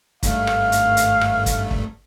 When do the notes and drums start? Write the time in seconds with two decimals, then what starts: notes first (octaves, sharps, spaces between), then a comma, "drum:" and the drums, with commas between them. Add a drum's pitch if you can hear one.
0.23 G#1 G2 A3 F5, drum: kick, hi-hat
0.47 drum: rim click
0.72 drum: hi-hat
0.97 drum: hi-hat
1.21 drum: rim click
1.46 drum: kick, hi-hat
1.71 drum: kick